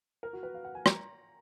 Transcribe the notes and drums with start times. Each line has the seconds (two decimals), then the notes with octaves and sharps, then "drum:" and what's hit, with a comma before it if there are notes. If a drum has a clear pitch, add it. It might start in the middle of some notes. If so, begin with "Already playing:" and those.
0.23 A#4
0.33 F#4
0.43 B4
0.54 F5
0.64 F#5
0.75 G#5
0.86 A#5, drum: rim click